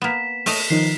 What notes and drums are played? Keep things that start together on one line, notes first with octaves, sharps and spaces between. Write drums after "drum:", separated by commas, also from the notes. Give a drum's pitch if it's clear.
A#3 B3 B6 E7
A3 D#5 E7 F7, drum: open hi-hat
D#3 F3 D#4 C7